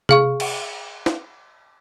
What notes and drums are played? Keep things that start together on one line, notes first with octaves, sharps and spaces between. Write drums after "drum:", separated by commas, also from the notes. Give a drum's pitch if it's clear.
G#4 F5 C#6, drum: tom C3
drum: cymbal
drum: snare